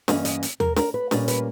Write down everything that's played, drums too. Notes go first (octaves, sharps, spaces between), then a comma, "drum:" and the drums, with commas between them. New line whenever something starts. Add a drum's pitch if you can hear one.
G2 E3 A#3 C#4 D#5, drum: snare
D#5, drum: hi-hat
drum: hi-hat
A#4, drum: tom D#2
A#4, drum: snare
B4
A#2 G3 A#3 C#4 D#5, drum: snare
B4, drum: hi-hat